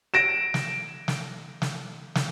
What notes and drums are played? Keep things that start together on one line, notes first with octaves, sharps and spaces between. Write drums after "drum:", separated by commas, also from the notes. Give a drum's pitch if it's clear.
A#6 D7 E7
drum: snare
drum: snare
drum: snare
drum: snare